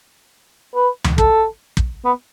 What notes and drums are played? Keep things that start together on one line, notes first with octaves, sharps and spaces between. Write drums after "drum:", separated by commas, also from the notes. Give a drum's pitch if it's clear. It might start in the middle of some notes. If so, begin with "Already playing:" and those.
B4
drum: tom D2
A4, drum: kick
drum: kick
B3